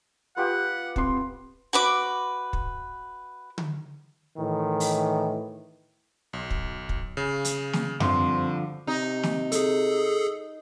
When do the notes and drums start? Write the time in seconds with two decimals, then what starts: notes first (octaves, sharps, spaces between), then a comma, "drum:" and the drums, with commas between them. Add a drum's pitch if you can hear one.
0.37 B3 F4 G4 F#5
0.96 C4 C6, drum: kick
1.73 F#4 B4 D6
2.53 drum: kick
3.58 drum: tom D3
4.37 A2 D#3 E3
4.80 drum: open hi-hat
6.33 B1
6.51 drum: kick
6.89 drum: kick
7.17 C#3
7.45 drum: hi-hat
7.73 drum: snare
8.00 G2 D3 F3 C4 C6, drum: tom F#2
8.87 C3 D#4
9.23 drum: snare
9.52 G#4 A4, drum: hi-hat